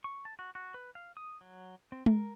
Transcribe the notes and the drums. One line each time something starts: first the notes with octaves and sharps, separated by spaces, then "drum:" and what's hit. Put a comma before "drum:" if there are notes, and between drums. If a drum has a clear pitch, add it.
C#6
A5
F#4
F#4
B4
F5
D#6
F#3
C4
A#4, drum: tom G#3